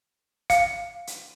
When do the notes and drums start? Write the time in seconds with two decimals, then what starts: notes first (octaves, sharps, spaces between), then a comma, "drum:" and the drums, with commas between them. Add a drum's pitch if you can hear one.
0.50 F5, drum: kick, hi-hat
1.07 drum: hi-hat